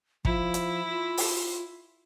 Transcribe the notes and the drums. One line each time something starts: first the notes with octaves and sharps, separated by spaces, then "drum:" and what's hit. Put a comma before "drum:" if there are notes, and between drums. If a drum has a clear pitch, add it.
F3 E4, drum: kick
drum: hi-hat
F4
drum: open hi-hat